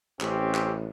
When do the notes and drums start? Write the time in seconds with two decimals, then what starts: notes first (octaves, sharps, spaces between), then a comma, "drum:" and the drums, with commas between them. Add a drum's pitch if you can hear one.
0.21 A1 C4 C#4 G4, drum: clap
0.55 drum: clap